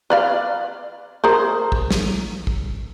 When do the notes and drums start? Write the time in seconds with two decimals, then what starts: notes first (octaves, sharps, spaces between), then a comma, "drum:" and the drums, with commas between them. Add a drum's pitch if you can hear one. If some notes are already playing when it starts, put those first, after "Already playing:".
0.10 B4 D5 F5
1.24 G#4 A#4 C5
1.72 drum: kick
1.91 drum: snare
2.47 drum: kick